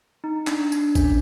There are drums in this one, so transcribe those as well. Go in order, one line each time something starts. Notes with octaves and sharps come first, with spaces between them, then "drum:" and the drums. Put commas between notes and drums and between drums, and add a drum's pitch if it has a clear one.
D#4
D4, drum: clap
D4, drum: tambourine
C#4, drum: kick G#1, tambourine